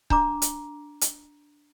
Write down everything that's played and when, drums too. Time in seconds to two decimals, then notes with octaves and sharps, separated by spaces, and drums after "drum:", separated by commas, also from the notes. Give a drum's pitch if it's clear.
0.10 D4 A#5 D6, drum: kick C#1
0.42 drum: hi-hat
1.01 drum: hi-hat